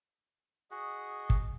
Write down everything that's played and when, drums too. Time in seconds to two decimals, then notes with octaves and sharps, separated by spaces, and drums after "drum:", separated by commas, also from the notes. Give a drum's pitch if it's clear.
0.71 F#4 G#4 D#5 F#5
1.30 drum: kick